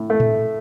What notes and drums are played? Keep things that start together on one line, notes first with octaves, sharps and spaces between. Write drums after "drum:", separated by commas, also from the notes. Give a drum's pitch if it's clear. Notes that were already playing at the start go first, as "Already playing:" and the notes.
Already playing: A2
A3
drum: tom A2